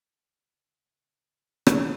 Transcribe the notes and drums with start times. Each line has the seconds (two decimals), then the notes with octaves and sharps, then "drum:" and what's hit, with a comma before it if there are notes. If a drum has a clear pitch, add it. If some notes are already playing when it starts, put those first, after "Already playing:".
0.11 C#2 A2 C#3 C#5 E5 F#6
1.67 drum: rim click